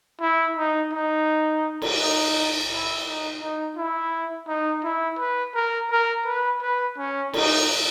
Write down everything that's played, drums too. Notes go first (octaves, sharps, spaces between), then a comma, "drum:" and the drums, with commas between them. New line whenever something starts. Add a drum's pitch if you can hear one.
E4
D#4
D#4
drum: cymbal
D#4
E4
D#4
D#4
E4
D#4
E4
B4
A#4
A#4
B4
B4
C#4
D#4, drum: cymbal